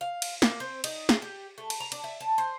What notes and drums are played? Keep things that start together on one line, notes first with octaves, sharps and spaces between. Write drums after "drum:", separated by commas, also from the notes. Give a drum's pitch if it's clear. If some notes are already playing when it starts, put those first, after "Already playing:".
F5
drum: cymbal
A#3, drum: snare
C4
D#4, drum: cymbal
G#4, drum: snare
G4
A3
drum: cymbal
A#5
D4, drum: cymbal
E5
A5
C5